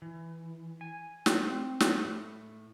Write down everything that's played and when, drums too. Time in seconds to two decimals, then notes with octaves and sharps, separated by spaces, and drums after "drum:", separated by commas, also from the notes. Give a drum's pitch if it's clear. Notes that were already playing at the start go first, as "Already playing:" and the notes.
0.02 E3
0.81 G#5
1.26 drum: snare
1.46 C4
1.80 drum: snare
2.04 A2